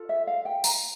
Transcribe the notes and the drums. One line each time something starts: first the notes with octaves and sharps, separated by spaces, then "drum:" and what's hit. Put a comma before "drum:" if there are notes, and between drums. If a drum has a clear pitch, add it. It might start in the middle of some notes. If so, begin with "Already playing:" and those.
Already playing: F4 A4
E5
F5
G5
A#5, drum: tambourine